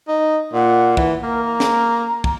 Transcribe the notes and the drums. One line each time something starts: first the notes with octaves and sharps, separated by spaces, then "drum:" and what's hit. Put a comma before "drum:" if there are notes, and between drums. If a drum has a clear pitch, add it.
D#4
A#2 F#5
E3, drum: kick
A#3 A#4
A#5
drum: snare
drum: kick